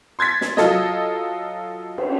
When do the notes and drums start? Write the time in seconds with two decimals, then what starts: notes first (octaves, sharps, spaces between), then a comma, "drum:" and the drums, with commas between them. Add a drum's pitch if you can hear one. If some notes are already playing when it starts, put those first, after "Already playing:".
0.19 C6 G#6 A6 B6
0.41 drum: snare
0.57 F#3 F4 A4 D#5, drum: snare
1.98 drum: cymbal